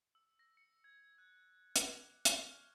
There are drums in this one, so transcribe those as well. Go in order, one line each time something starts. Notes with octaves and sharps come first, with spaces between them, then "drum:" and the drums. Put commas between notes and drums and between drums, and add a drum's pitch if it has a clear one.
E6
A#6
C#7
G#6
F#6
G#6, drum: hi-hat
D6
C#6, drum: hi-hat
F6